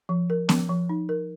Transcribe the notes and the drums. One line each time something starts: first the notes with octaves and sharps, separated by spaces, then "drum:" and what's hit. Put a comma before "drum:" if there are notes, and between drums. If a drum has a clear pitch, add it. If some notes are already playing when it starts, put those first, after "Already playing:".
F3
A#4
F3, drum: snare B3
F3
D#4
A#4